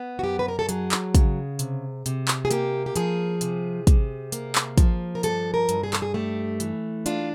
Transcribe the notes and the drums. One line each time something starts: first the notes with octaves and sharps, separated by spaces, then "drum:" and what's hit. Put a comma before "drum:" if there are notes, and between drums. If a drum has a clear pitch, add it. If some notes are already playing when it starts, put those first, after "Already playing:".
Already playing: B3
F#4
F#2 G4
B4
A#4
A4
F#3 G#4, drum: hi-hat
drum: clap
C#3, drum: kick, hi-hat
C3, drum: hi-hat
C3, drum: hi-hat
drum: clap
G#4
A#3 G4, drum: hi-hat
G4
F3 G#4, drum: hi-hat
C3, drum: hi-hat
C3, drum: kick, hi-hat
A#3, drum: hi-hat
drum: clap
F3, drum: kick, hi-hat
A#4
G2 A4, drum: hi-hat
A#4
G2, drum: hi-hat
G#4
A4, drum: clap
G#4
A3 G4
E3, drum: hi-hat
D4 F4, drum: hi-hat